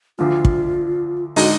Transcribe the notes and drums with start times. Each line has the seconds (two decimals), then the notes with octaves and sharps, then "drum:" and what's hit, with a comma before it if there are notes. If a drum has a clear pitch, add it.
0.18 D2 D3 F3 F4
0.45 drum: kick
1.36 D3 G#3 D#4 F#4, drum: open hi-hat